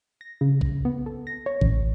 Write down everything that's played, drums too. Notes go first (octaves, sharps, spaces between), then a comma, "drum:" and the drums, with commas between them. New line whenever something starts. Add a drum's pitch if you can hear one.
A#6
C#3
drum: kick A#1
B3
A4
A#6
C#5
A1, drum: kick A#1